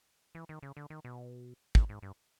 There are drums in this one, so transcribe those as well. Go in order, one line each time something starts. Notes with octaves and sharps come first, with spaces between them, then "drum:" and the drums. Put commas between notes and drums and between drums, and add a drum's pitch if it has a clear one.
E3
D#3
C#3
D3
D#3
B2
A2, drum: kick
G#2
G2